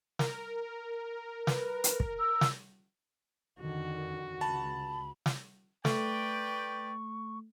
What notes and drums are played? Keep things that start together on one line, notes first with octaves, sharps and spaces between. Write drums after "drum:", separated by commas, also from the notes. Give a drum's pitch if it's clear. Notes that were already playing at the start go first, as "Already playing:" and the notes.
A#4, drum: snare
B4, drum: snare
drum: hi-hat
drum: kick
E6
drum: snare
F2 D3 D#3 F#4
C#2 A5 B5
drum: snare
A3 B4 D5 G5 C#6, drum: snare